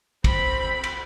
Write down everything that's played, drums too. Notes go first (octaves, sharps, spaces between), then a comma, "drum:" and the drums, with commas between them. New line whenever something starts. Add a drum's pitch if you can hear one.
C4 B5, drum: kick, cymbal
drum: cymbal